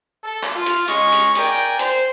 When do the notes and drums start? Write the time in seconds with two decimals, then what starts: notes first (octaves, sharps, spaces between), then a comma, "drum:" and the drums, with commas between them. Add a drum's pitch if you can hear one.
0.23 A4
0.43 drum: clap
0.54 F4
0.66 drum: hi-hat
0.88 G#3 C#4 D#5 C#6, drum: hi-hat
1.12 drum: hi-hat
1.35 A#4 D5 G5 G#5, drum: hi-hat
1.79 C5, drum: hi-hat